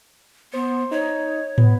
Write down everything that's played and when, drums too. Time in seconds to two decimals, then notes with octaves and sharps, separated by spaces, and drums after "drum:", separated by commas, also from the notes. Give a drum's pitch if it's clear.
0.53 B3 C5
0.91 D#4 C#5
1.58 B3, drum: tom